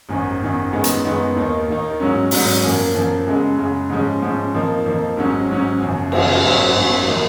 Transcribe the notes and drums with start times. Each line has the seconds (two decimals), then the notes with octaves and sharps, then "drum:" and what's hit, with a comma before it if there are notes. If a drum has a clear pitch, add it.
0.09 G#1 F#2 D#3
0.41 G#1 F#2 D#3
0.72 F#2 D#3 G#3 B3 D#4
0.84 drum: hi-hat
1.05 F#2 D#3 G#3 B3 D#4
1.36 D#2 D#3 A#3 D#4
1.68 D#2 D#3 A#3 D#4
2.00 G#2 F#3 C#4
2.31 G#2 F#3 C#4, drum: open hi-hat
2.63 F#2 F3 A#3
2.94 F#2 F3 A#3
3.26 F#2 C#3 G#3
3.58 F#2 C#3 G#3
3.89 G#2 F3 G#3 C#4
4.22 G#2 F3 G#3 C#4
4.54 F2 F3 A#3 D#4
4.86 F2 F3 A#3 D#4
5.17 G#1 G#2 F#3 C#4
5.49 G#1 G#2 F#3 C#4
5.81 F#1 F#2 F3
6.12 F#1 F#2 F3, drum: cymbal
6.44 G#1 F#2 D#3 F#3
6.76 G#1 F#2 D#3 F#3
7.08 A#2 F3 A#3 D#4